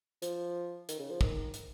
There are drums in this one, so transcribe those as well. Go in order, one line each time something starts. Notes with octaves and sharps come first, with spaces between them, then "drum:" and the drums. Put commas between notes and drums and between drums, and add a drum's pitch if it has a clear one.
F3, drum: hi-hat
D#3, drum: hi-hat
C#3
F3
D#3, drum: kick
drum: hi-hat